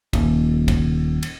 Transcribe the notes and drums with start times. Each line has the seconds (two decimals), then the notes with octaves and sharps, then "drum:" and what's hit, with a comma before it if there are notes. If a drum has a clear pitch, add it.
0.13 D#1, drum: kick, cymbal
0.68 drum: kick, cymbal
1.23 drum: cymbal